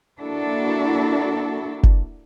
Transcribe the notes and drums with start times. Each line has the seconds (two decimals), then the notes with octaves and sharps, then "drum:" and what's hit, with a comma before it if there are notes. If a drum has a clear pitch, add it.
0.21 A#3 D4 E4 F#4 A4
1.83 drum: kick F#1